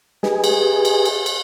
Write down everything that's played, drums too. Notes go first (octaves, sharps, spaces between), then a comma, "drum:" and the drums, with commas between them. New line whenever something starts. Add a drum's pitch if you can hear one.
G4 G#4 B4 D#5 G#5, drum: snare
drum: cymbal
drum: cymbal
drum: cymbal
drum: cymbal